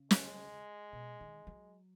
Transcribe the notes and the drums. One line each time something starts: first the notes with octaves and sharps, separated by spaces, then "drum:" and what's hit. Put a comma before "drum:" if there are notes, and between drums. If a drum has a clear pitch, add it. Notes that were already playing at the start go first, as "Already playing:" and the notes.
Already playing: C#3
G#3, drum: snare
B2
D#3
F#3